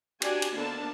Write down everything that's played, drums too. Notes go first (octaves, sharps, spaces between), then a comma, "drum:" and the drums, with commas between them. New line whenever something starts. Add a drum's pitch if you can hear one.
D4 F#4 G4 D5 G#5, drum: cymbal
drum: cymbal
D3 A#3 B3 D4 A5